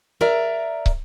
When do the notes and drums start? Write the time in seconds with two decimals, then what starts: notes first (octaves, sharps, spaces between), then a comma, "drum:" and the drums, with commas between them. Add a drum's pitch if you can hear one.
0.21 A#4 D5 E5 A#5
0.86 drum: kick